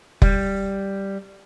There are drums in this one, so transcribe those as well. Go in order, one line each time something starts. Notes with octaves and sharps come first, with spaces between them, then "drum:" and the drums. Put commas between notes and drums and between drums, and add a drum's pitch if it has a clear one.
G3, drum: kick F1